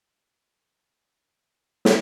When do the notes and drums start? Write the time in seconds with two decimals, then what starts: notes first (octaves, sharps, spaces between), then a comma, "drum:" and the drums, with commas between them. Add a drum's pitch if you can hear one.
0.01 B4
0.18 F5
0.59 G#4
0.94 C#4
1.14 D4
1.38 G5
1.85 drum: snare